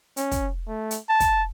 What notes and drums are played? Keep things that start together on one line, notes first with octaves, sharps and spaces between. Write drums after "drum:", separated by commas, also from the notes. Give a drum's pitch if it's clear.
C#4, drum: hi-hat
drum: kick, hi-hat
A3
drum: hi-hat
A5
drum: kick, hi-hat